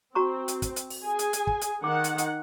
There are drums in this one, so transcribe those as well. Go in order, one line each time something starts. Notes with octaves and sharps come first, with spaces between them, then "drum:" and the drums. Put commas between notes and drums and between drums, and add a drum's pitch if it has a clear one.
C4 F#4 A#5 C#6
drum: hi-hat
drum: kick, hi-hat
drum: hi-hat
drum: open hi-hat
G#4 G#5
drum: hi-hat
drum: hi-hat
drum: kick
drum: hi-hat
D#3 F#5 D6
drum: hi-hat
drum: hi-hat